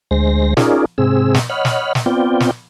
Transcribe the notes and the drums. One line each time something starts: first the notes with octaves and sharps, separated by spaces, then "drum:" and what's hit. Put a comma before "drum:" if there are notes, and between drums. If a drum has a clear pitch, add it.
D2 G#3 C5 A#6
C#4 D#4 F4 G#4 A#4 D5, drum: snare
G#2 C3 C4 G#4 E6
drum: snare
C#5 D#5 F#5 B5 F6
drum: snare
drum: snare
B3 C4 F4 D5 G5
drum: snare